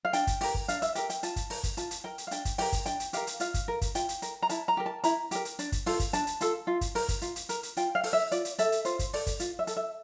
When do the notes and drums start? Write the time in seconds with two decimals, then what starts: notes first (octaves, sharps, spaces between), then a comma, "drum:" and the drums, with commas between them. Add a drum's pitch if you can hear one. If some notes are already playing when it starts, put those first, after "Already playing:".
0.05 F5
0.13 D4 G5, drum: hi-hat
0.27 drum: kick, hi-hat
0.41 G4 A#4, drum: open hi-hat
0.54 drum: kick
0.68 D4 F5, drum: hi-hat
0.82 E5, drum: hi-hat
0.95 G4 A#4 G5, drum: hi-hat
1.10 G5, drum: hi-hat
1.23 F4 A5, drum: hi-hat
1.36 drum: kick, hi-hat
1.50 A#4, drum: open hi-hat
1.63 drum: kick, hi-hat
1.77 F4 A5, drum: hi-hat
1.91 drum: hi-hat
2.04 A#4 G5
2.18 drum: hi-hat
2.27 F5
2.31 D4 G5, drum: hi-hat
2.45 drum: kick, hi-hat
2.58 G4 A#4 G5, drum: open hi-hat
2.73 drum: kick, hi-hat
2.86 D4 G5, drum: hi-hat
3.00 drum: hi-hat
3.13 G4 A#4 F5, drum: hi-hat
3.27 drum: hi-hat
3.40 F4 F5, drum: hi-hat
3.54 drum: kick, hi-hat
3.68 A#4
3.82 drum: kick, hi-hat
3.95 F4 G5, drum: hi-hat
4.09 drum: hi-hat
4.22 A#4, drum: hi-hat
4.42 A#5
4.49 E4 A5, drum: hi-hat
4.68 A#5
4.77 G4 A#4
4.86 A5
5.04 E4 A#5, drum: hi-hat
5.31 G4 A#4, drum: hi-hat
5.45 drum: hi-hat
5.59 D4, drum: hi-hat
5.72 drum: kick, hi-hat
5.86 F4 A4, drum: open hi-hat
6.00 drum: kick, hi-hat
6.13 D4 A5, drum: hi-hat
6.27 drum: hi-hat
6.41 F4 A4, drum: hi-hat
6.67 F4
6.81 drum: kick, hi-hat
6.95 A#4, drum: open hi-hat
7.09 drum: kick, hi-hat
7.22 F4, drum: hi-hat
7.36 drum: hi-hat
7.49 A#4, drum: hi-hat
7.63 drum: hi-hat
7.77 F4 G5, drum: hi-hat
7.95 F5
8.04 A4, drum: open hi-hat
8.13 E5
8.31 F4 D5, drum: hi-hat
8.45 drum: hi-hat
8.59 A4 E5, drum: hi-hat
8.72 drum: hi-hat
8.85 F4 C5, drum: hi-hat
8.99 drum: kick, hi-hat
9.13 A4 D5, drum: open hi-hat
9.27 drum: kick, hi-hat
9.40 F4, drum: hi-hat
9.59 E5
9.67 A4, drum: hi-hat
9.76 E5